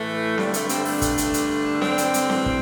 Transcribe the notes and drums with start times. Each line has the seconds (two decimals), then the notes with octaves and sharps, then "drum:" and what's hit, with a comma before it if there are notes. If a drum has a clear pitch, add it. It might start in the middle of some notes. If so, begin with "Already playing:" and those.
Already playing: A2 E3 A3
0.38 G2 D3 G3, drum: snare C4
0.54 A3, drum: hi-hat
0.69 G3 C4, drum: hi-hat
0.85 A3 D4, drum: open hi-hat
1.02 drum: kick, hi-hat
1.18 drum: hi-hat
1.34 G2 D3, drum: hi-hat
1.73 A3
1.82 G3 C4, drum: snare C4
1.98 drum: hi-hat
2.14 drum: hi-hat
2.30 A2 E3, drum: snare C4
2.46 drum: kick